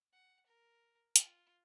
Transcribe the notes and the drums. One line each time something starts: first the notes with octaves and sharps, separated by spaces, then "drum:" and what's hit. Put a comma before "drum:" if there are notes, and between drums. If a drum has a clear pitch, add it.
F#5
A#4
F4, drum: hi-hat